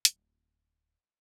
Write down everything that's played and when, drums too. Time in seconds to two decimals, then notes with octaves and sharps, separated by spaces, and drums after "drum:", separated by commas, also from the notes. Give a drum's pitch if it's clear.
0.05 D1, drum: hi-hat